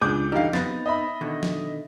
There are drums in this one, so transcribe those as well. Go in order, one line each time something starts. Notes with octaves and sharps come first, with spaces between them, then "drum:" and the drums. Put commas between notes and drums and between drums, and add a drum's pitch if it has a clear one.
C#2 D4 G#4 D6 G6
D3 E3 G3 D#4 G4 F5
B3 C4 D#4 A6, drum: snare
D#5 E5 B5
B2 D3 D#3
drum: snare